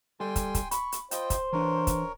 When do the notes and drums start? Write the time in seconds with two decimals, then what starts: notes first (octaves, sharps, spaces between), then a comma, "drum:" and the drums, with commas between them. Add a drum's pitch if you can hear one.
0.20 G3 A4 G5 G#5 C6
0.36 drum: kick, hi-hat
0.55 drum: kick, hi-hat
0.71 B5 C#6, drum: hi-hat
0.92 drum: hi-hat
1.11 F4 C5 D#5 G5, drum: hi-hat
1.30 drum: kick, hi-hat
1.53 E3 D4 A#4 C#5
1.87 drum: kick, hi-hat